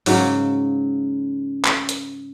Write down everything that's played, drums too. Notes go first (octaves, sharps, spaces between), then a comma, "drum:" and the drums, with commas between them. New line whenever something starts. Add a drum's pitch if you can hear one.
G#2 C#3 F#3 F5, drum: open hi-hat
drum: clap
drum: hi-hat